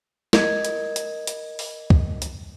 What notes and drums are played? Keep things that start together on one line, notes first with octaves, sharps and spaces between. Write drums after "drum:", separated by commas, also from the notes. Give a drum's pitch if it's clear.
A#4 D#5 G#6, drum: snare
drum: hi-hat
drum: hi-hat
drum: hi-hat
drum: open hi-hat
drum: kick
drum: hi-hat